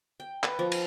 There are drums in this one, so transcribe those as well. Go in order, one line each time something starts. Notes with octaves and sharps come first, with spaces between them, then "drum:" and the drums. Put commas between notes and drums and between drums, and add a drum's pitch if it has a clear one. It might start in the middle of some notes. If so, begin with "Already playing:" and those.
G5
B4, drum: clap
F3
drum: cymbal